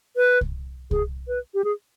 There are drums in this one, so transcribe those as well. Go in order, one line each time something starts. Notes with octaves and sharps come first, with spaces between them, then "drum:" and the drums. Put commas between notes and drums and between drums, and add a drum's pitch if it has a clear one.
B4
drum: kick C2
G#4, drum: kick C2
B4
G4
G#4